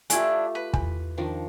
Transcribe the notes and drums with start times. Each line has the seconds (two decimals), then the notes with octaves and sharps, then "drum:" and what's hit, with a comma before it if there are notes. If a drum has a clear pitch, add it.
0.10 A3 D4 E4 F4 G4 G#5, drum: hi-hat
0.55 B4
0.74 E2, drum: kick
1.18 D#3 F3 D4